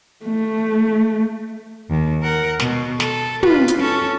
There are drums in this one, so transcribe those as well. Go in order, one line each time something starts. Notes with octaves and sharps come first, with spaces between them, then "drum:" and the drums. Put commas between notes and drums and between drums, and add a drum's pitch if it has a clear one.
A3
D#2
A#4 F#5
B2, drum: snare
A4, drum: snare
F4 B4, drum: tom
drum: hi-hat
C#4 A4